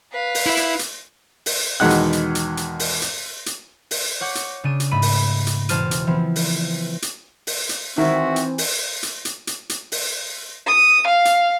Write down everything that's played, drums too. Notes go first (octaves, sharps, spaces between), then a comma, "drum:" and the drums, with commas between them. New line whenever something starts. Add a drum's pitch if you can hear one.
B4 F5
drum: open hi-hat
E4 E5
drum: hi-hat
drum: hi-hat
drum: open hi-hat
E2 B2 D#3 G#3 F#5 F#6
drum: hi-hat
drum: hi-hat
drum: hi-hat
drum: hi-hat
drum: open hi-hat
drum: hi-hat
drum: hi-hat
drum: open hi-hat
C#5 F#5 D6 G6
drum: hi-hat
C#3 D4 D#7
drum: hi-hat
G#2 A3 B5 D#7
drum: open hi-hat
drum: hi-hat
E1 C5 A5 F6 D#7, drum: hi-hat
drum: hi-hat
E3 F3 B3 C4
drum: open hi-hat
drum: hi-hat
drum: open hi-hat
drum: hi-hat
D#3 E3 C4 F#4 E5
drum: hi-hat
drum: open hi-hat
drum: hi-hat
drum: hi-hat
drum: hi-hat
drum: hi-hat
drum: open hi-hat
D#6
F5
drum: hi-hat